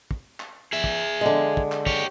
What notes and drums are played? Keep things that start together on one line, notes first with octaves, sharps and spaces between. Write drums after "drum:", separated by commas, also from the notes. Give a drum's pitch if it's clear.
drum: kick
drum: clap
G#4 E5
drum: kick
D3 G#3
drum: kick
drum: clap
G4 C#5, drum: kick